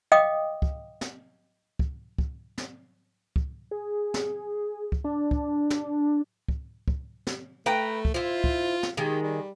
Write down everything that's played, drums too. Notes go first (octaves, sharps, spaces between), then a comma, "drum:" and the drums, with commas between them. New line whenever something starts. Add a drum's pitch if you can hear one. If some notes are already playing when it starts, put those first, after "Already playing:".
D#5 F5 G5 D6 D#6
drum: kick
drum: snare
drum: kick
drum: kick
drum: snare
drum: kick
G#4
drum: snare
drum: kick
D4
drum: kick
drum: snare
drum: kick
drum: kick
drum: snare
A3 B4 G5 A#5
drum: kick
E4 F4 C5
drum: kick
drum: snare
D#3 G#3 G4
G3